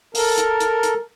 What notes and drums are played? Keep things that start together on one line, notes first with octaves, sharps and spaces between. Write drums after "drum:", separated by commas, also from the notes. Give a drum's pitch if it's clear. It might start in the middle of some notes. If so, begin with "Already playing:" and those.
A4 A#4, drum: open hi-hat
drum: hi-hat
drum: hi-hat
drum: hi-hat